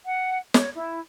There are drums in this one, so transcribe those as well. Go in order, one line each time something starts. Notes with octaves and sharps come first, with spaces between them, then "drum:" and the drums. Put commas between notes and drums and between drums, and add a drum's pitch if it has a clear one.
F#5
C#5, drum: snare
E4